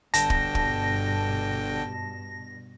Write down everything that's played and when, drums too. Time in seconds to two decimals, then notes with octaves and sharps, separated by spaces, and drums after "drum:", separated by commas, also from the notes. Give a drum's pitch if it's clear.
0.14 G1 G2 B2 D3 G5 A5 A#6, drum: hi-hat
0.30 drum: kick
0.55 drum: kick